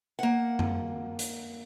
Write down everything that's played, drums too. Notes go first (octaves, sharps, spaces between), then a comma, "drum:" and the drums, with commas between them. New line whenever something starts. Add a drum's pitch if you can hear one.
A#3 F#5
drum: tom F#2
drum: hi-hat